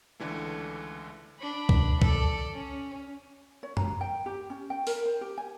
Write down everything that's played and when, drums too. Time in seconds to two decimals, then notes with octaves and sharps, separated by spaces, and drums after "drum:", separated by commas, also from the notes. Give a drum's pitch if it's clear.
0.20 C#2 D3 E3 A3
1.39 D4 B5
1.69 drum: kick C2
2.02 A4 D5, drum: kick C2
2.54 C#4
3.63 C#5
3.77 A#5, drum: tom F#2
4.01 G5
4.26 G4
4.50 C#4
4.70 G5
4.87 A#4, drum: open hi-hat
5.06 C5
5.21 G4
5.38 G#5